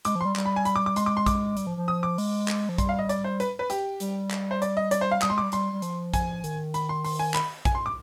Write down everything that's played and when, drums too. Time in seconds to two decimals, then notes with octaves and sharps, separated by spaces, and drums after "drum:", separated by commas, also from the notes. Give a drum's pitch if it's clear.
0.05 G#3 D6, drum: hi-hat
0.15 F3
0.21 G3 C6
0.36 G3, drum: clap
0.45 B5
0.56 G#5
0.65 B5, drum: hi-hat
0.76 D6
0.86 D6
0.96 G#3 C6, drum: hi-hat
1.06 D6
1.17 C6
1.26 D6, drum: kick A#1, hi-hat
1.57 G3, drum: hi-hat
1.67 F3
1.77 F3
1.88 D#6
2.03 D6
2.18 G#3, drum: open hi-hat
2.48 drum: clap
2.69 F3
2.78 G3 C6, drum: kick A#1, hi-hat
2.89 F5
2.99 D#5
3.09 D5, drum: hi-hat
3.24 C5
3.40 B4, drum: hi-hat
3.59 B4
3.70 G4, drum: hi-hat
4.00 G3, drum: hi-hat
4.31 drum: clap
4.51 C5
4.62 D5, drum: hi-hat
4.77 D#5
4.91 D5, drum: hi-hat
5.01 C5
5.11 F5
5.22 G3 D#6, drum: clap
5.30 G#3 C6
5.38 G3 D6
5.52 G3 C6, drum: hi-hat
5.73 G3
5.82 F3, drum: hi-hat
6.14 G#5, drum: kick A#1, hi-hat
6.44 D#3, drum: hi-hat
6.74 B5, drum: hi-hat
6.89 C6
7.04 C6, drum: open hi-hat
7.19 G#5
7.34 B5, drum: clap
7.65 G#5, drum: kick A#1, hi-hat
7.75 C6
7.86 D6